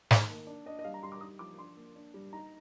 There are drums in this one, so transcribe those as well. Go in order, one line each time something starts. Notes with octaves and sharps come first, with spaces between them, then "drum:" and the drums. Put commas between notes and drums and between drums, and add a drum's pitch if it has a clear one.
D#4, drum: snare
A#3
D4
D4 D#5
D#5
G3 F5
A#5
G3 C6
D6
D#4 D#6
F3 D6
D4 C6
A#3
D4
G3
D#4 A#5